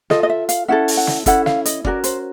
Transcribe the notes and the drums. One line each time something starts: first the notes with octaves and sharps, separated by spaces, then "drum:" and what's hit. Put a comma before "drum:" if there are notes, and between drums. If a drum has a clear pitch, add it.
F4 A4 D#5, drum: snare
D#5
E5
F5, drum: hi-hat
C#4 E4 A4 F#5
drum: open hi-hat
F#5
drum: snare
C#4 E4 A4 F#5, drum: kick, hi-hat
F5, drum: snare
D#5, drum: hi-hat
C#4 F#4 A#4 D5, drum: kick
C5, drum: hi-hat